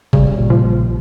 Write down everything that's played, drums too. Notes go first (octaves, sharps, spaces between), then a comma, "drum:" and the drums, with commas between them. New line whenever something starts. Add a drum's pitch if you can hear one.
C#3 G3, drum: kick G1
A#2
F3
A#1